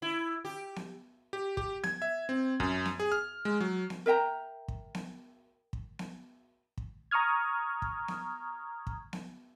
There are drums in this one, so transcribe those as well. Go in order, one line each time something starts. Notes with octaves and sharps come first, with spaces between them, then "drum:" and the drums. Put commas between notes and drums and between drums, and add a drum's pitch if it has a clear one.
E4
G4
drum: snare B3
G4
G4, drum: kick
G#6, drum: snare B3
E5
C4
F#2, drum: kick
drum: snare B3
G#4
F6
G#3
F#3
drum: snare B3
A#4 E5 G5 A#5
drum: kick
drum: snare B3
drum: kick
drum: snare B3
drum: kick
A#5 C#6 D#6 F6 G#6
drum: kick
drum: snare B3
drum: kick
drum: snare B3